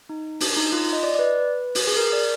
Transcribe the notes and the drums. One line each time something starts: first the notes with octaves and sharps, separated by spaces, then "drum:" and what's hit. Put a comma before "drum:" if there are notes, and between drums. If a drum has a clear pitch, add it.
D#4
D4, drum: open hi-hat
D#4
F4
D#5
D5
D5
B4
drum: open hi-hat
G#4
A#4
D5